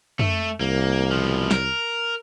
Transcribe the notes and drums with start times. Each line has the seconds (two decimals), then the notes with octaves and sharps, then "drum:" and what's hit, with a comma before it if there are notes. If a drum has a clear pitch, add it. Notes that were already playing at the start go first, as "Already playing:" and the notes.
0.19 A3, drum: tom
0.60 C2 A#3
1.11 B2 F3
1.51 A#4, drum: snare